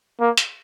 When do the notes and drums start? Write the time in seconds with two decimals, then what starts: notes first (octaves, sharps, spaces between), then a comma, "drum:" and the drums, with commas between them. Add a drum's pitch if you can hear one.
0.20 A#3
0.37 drum: hi-hat